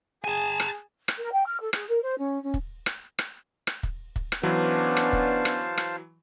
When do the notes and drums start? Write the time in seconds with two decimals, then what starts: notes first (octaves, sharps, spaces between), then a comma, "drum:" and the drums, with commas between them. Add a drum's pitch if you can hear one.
0.24 G#4 G#5 A5
0.60 drum: rim click
1.08 drum: rim click
1.18 A#4
1.31 G5
1.46 F6
1.61 A4
1.73 G#4, drum: rim click
1.88 A#4
2.02 C5
2.18 C#4
2.42 C#4
2.54 drum: kick
2.86 drum: rim click
3.19 drum: rim click
3.67 drum: rim click
3.83 drum: kick
4.16 drum: kick
4.32 drum: rim click
4.43 E3 F#3 B3 C#4 D4 C5 F5 A5
4.97 drum: rim click
5.13 drum: kick
5.45 drum: rim click
5.78 drum: rim click